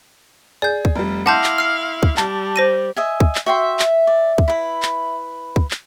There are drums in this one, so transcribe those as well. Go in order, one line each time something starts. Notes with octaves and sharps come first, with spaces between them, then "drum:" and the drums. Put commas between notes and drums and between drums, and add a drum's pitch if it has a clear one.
G#4 D5 G6
drum: kick
F1 G3
E4 F5 F#5 A5 C6 D6 G6 A#6
drum: clap
F6 C7
drum: kick
G3 A5, drum: clap
C5 A#6 D#7
D#5 E5 G#5
drum: kick
drum: clap
F#4 E5 G5 C6
drum: clap
D5
drum: kick
E4 B4
drum: clap
drum: kick
drum: clap